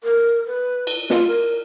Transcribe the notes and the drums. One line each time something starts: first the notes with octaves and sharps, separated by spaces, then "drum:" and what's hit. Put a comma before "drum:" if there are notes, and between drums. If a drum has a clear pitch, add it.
A#4
B4
drum: cymbal
F4, drum: snare
A#4